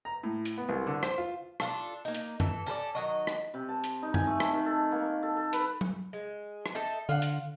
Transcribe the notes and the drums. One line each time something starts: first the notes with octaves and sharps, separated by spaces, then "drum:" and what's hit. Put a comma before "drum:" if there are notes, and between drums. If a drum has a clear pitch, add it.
A#5
A2
drum: hi-hat
B3
C2
D3
C5, drum: rim click
F4
D4 F4 A4, drum: rim click
A#3 D#4
drum: hi-hat
E3 A4, drum: tom F#2
C#4 A4 B4 D5
D#3 F#3 D#5
drum: rim click
C3
A5
drum: hi-hat
D#4
G#5, drum: tom F#2
A3
A5, drum: rim click
D#3
A4
A#3
A4
A4
B4, drum: hi-hat
drum: tom
G#3
drum: rim click
D#4 A4 E5
D3 F4 F#5
drum: hi-hat